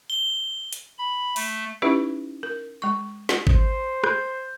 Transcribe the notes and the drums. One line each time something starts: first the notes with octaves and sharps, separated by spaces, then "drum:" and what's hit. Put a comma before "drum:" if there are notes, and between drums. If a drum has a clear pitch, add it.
G7
drum: hi-hat
B5
A3, drum: open hi-hat
C#4 D#4 E4 G4 B4 E5
A#4
G#3 C#6
drum: snare
C5, drum: kick G#1
G6, drum: rim click